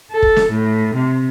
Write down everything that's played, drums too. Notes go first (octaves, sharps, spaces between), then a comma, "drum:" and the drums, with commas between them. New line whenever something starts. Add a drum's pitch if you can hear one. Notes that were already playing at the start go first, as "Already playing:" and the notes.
A4
drum: kick
drum: snare
A2
C3